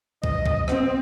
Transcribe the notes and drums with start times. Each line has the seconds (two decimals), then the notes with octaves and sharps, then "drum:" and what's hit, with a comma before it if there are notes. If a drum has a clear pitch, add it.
0.24 D#5, drum: kick
0.46 drum: kick
0.68 C4, drum: rim click